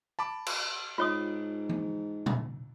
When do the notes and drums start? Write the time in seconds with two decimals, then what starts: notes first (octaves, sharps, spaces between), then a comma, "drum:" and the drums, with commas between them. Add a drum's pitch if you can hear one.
0.19 A5 B5 D6
0.46 drum: cymbal
0.98 G#2 F4 C#5 D#6
1.69 drum: tom E3
2.26 drum: tom A#2